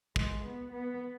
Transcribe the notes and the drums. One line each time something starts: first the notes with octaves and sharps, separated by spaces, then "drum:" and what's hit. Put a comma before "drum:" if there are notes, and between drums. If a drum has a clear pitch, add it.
G#3, drum: kick
B3
B3